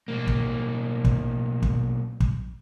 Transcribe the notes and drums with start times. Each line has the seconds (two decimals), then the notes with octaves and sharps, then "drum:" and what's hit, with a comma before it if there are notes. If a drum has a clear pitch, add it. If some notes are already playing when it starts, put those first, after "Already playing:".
0.08 B1 A#3
0.27 drum: kick
1.05 drum: kick
1.62 drum: kick
2.20 drum: kick